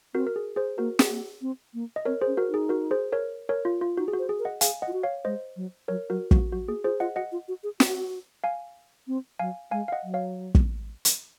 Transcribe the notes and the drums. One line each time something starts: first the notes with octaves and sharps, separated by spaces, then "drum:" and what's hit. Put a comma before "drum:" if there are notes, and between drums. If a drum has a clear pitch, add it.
C4 F#4 A#4
A#4
G#4
G#4 C5
A#3 F#4 A#4
G#4, drum: snare
A#3
C4
A#3
D#5
C4 A#4 C#5
G#4 C5
C#4
F#4 A#4
D#4
G#4
F#4 A#4
G#4 C5
A#4 C#5
A#4 C#5
F4
F4
D#4 F#4
G#4
F#4
C5
G#4
A#4
D#5 F#5
G#4 F5 G#5, drum: hi-hat
D#5 F#5
F4
F#4
C#5 F5
G#3 C5 D#5
F#3
F#3 A#4 C#5
F#3 F#4 A#4
F3 F#4, drum: kick
F#3 F#4
A#3 G#4
F4 G#4 C5
F4 D#5 F#5
F#4 D#5 F#5
F4
F#4
G#4
F#4, drum: snare
F5 G#5
C4
F#3 F5 G#5
G#3 F5 G#5
F5
D#5 F#5
F#3
C#5 F5
drum: kick
drum: hi-hat